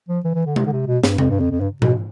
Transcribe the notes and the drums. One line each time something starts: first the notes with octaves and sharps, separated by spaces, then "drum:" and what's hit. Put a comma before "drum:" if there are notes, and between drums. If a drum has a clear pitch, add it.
F3
E3
E3
D3
C3, drum: tom G#3
D3
C3
B2
G2, drum: snare
F2, drum: tom C3
G2
F2
F2
G2
B2, drum: tom G#2